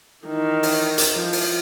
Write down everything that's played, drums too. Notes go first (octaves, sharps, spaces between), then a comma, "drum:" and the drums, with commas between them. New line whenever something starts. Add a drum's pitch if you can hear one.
D#3 E3
drum: open hi-hat
drum: hi-hat
F3
drum: open hi-hat